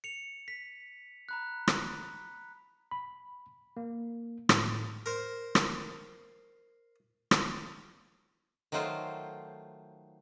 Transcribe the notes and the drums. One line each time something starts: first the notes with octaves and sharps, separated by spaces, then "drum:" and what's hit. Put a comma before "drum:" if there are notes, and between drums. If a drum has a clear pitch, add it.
C#7 F7
B6
A#5 B5 F#6
drum: rim click
B5
A#3
A2, drum: rim click
A#4 C5
drum: rim click
drum: rim click
D#3 F#3 A3 F4 C5